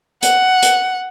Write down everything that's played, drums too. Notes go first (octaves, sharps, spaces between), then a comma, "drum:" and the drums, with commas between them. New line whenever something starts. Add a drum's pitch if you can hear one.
F#5, drum: hi-hat
drum: hi-hat